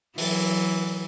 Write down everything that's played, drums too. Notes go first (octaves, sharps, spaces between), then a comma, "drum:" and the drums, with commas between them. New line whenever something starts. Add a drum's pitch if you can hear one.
E3 F#3, drum: open hi-hat